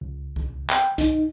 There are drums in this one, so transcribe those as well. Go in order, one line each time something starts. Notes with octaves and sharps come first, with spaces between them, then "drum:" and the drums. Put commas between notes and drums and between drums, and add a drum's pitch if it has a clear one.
C#2
drum: kick C2
C#2
G5, drum: clap
D#4, drum: kick C2, hi-hat